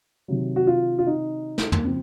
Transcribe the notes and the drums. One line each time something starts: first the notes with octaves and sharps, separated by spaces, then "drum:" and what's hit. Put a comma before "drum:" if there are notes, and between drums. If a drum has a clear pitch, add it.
C3 D#3 F#3
F#4
F4
F4
D#4
drum: snare
A#3, drum: tom
C#3 F3 C4